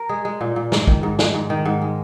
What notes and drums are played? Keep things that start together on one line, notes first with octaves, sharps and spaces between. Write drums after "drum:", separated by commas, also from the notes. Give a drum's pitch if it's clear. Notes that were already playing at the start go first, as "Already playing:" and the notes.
Already playing: A#4
G#3 G#4
G#3
A#2
A#2
G#2, drum: snare
D#3, drum: kick
G#2
G#3, drum: snare
G#2
D#3
G#2
G#3